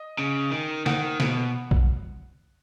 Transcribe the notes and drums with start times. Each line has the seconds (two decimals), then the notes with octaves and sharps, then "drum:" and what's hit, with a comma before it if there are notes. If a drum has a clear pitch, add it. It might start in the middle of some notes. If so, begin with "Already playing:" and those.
Already playing: D#5
0.19 C#3
0.52 D#3
0.86 D#3 F#5, drum: snare D3
1.20 B2, drum: snare D3
1.71 drum: kick B1